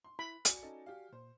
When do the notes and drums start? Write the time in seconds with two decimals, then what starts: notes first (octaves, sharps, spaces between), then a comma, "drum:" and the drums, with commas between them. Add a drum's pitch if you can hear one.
0.04 C6
0.19 E4 B5
0.45 F#4 D5 G#5 C#7, drum: hi-hat
0.63 C#4 D#4 A4
0.86 G4 F5
1.13 A#2 C5